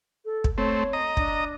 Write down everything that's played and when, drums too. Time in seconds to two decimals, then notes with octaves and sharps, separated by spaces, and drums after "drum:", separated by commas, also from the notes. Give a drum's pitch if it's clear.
0.25 A4
0.44 drum: kick
0.58 A3 C4 C#5
0.93 D#5 A#5
1.17 D4, drum: kick